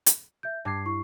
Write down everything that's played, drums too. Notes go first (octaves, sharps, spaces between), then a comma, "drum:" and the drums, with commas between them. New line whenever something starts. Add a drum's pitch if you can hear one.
drum: hi-hat
E5 G6
G2 A5 D6 G#6 C7
E4 C#6